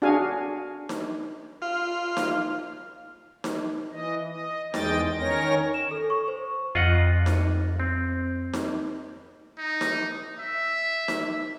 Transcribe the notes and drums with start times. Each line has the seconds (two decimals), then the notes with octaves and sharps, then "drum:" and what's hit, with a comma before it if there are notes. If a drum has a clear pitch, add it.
0.02 D4 F#4 G#4 F5 G#5
0.89 drum: snare D#4
1.62 F4
2.17 drum: snare D#4
3.44 drum: snare D#4
3.92 E3 D#5
4.27 D#5
4.74 E2 G#3 D#5 G5 A6, drum: snare D#4
5.19 D#3 C#4 A#4 C#5 A#6
5.74 E7
5.91 A4
6.10 C#6
6.28 C5
6.75 F2 F4 D#5 F#5
7.26 drum: snare D#4
7.80 C4
8.53 drum: snare D#4
9.58 D#4
9.81 drum: snare D#4
10.39 E5
11.08 drum: snare D#4